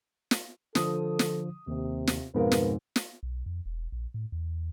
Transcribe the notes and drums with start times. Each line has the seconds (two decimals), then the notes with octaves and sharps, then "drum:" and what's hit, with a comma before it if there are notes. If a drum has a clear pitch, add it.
0.31 drum: snare
0.75 D3 F3 A4 D#6, drum: snare
1.19 drum: snare
1.68 D#2 C3
2.07 drum: snare
2.34 F2 G#2 B2 B3 A#4 B4 F5
2.52 drum: snare
2.96 drum: snare
3.23 B1
3.46 F2
3.66 E1
3.92 A#1
4.14 A2
4.32 E2